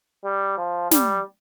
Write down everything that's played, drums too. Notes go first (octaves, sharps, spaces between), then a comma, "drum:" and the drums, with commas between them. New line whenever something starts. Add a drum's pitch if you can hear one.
G3
F3
G3, drum: snare